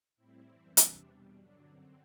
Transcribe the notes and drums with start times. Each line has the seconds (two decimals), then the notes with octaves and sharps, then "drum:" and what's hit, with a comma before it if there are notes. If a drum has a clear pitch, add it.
0.16 A2 G3 C4 E4
0.47 F#2 E3 G3
0.77 E2 C3 E3 G3 D4, drum: hi-hat
1.07 E2 B2 G3
1.37 G2 D3 F#3 D4
1.66 F#2 D3 F#3 C4